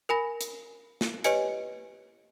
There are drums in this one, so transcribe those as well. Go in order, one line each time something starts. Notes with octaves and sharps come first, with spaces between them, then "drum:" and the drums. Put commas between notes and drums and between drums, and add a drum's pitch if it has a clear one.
A#4 G#5 B5 A#6
drum: hi-hat
drum: snare
G4 B4 C#5 D#5 G#5 C#7, drum: hi-hat